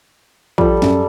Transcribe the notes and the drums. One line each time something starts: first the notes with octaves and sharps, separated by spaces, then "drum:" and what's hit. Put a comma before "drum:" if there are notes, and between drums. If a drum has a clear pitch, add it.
F3 G3 A4, drum: kick
F#2, drum: snare